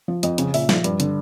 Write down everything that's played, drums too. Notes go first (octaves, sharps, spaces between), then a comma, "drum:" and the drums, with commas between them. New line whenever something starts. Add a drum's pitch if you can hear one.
F3
F2 D#5, drum: hi-hat
C#3, drum: hi-hat
A#2 E5, drum: open hi-hat
F3, drum: snare
G2, drum: hi-hat
D3, drum: hi-hat